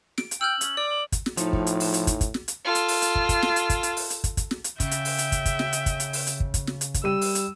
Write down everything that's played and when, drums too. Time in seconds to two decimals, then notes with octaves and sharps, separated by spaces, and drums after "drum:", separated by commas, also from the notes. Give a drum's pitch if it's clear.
0.18 D7, drum: snare
0.31 drum: hi-hat
0.41 G5 E6 F6 G6 F#7
0.61 C#4, drum: hi-hat
0.77 D5 D6
0.91 F#7
1.12 drum: kick, hi-hat
1.26 drum: snare
1.37 A2 F3 D#4, drum: hi-hat
1.53 drum: kick
1.67 drum: hi-hat
1.80 drum: open hi-hat
1.94 drum: hi-hat
2.07 drum: kick, hi-hat
2.21 drum: kick, hi-hat
2.34 drum: snare
2.48 drum: hi-hat
2.65 F4 A4
2.75 drum: hi-hat
2.88 drum: open hi-hat
3.02 drum: hi-hat
3.15 drum: kick
3.29 drum: kick, hi-hat
3.42 drum: snare
3.56 drum: hi-hat
3.70 drum: kick, hi-hat
3.83 drum: hi-hat
3.97 drum: open hi-hat
4.10 drum: hi-hat
4.24 drum: kick, hi-hat
4.37 drum: kick, hi-hat
4.51 drum: snare
4.64 drum: hi-hat
4.80 C#3 E5 G5, drum: kick, hi-hat
4.91 drum: hi-hat
5.05 drum: open hi-hat
5.18 drum: hi-hat
5.32 drum: kick, hi-hat
5.46 drum: kick, hi-hat
5.59 drum: snare
5.73 drum: hi-hat
5.86 drum: kick, hi-hat
6.00 drum: hi-hat
6.13 drum: open hi-hat
6.27 drum: hi-hat
6.40 drum: kick
6.54 drum: kick, hi-hat
6.67 drum: snare
6.81 drum: hi-hat
6.94 drum: kick, hi-hat
7.04 G3 E6 D#7
7.21 drum: open hi-hat
7.35 drum: hi-hat